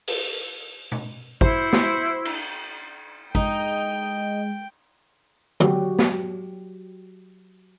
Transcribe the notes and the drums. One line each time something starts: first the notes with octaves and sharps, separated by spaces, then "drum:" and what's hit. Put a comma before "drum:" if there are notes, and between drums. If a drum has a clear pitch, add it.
drum: open hi-hat
drum: tom B2
E4 F#4 B4 C5, drum: kick
drum: snare
drum: cymbal
G#3 D#4 G5, drum: kick
F#3 F#4 G4, drum: tom D3
drum: snare